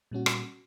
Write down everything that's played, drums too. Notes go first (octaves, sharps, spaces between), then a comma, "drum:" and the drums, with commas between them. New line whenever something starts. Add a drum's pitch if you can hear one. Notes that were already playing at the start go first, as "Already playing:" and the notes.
A#2 G3 C#4 F#4
drum: rim click